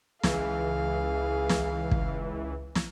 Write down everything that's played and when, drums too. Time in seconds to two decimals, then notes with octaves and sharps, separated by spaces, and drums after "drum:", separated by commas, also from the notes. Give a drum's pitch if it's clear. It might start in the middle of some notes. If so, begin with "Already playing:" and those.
0.23 C#2 E3 G#4 F5, drum: snare
1.49 drum: snare
1.91 drum: kick
2.75 drum: snare